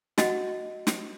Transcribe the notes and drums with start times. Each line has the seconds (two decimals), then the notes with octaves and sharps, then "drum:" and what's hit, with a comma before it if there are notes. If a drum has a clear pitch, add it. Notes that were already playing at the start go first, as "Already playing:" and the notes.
0.18 F#4 D#5 F#5, drum: snare
0.87 drum: snare